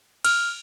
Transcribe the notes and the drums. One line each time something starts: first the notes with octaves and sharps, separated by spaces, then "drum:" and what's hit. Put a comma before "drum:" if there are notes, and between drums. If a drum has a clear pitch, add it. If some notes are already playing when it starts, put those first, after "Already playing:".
F6, drum: cymbal